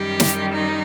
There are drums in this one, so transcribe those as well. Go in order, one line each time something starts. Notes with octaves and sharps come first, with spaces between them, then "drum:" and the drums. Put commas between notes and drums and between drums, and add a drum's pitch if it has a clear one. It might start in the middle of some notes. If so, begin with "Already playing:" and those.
Already playing: F#2 D#3 G3 G4
drum: snare
D#4